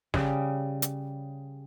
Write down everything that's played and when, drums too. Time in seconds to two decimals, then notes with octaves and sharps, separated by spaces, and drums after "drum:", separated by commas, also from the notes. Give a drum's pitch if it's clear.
0.14 C#3 G3, drum: snare
0.82 drum: hi-hat